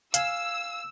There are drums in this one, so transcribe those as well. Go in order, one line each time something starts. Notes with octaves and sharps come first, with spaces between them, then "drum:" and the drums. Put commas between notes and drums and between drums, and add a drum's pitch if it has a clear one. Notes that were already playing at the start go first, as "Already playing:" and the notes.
F5 G#5 E6, drum: hi-hat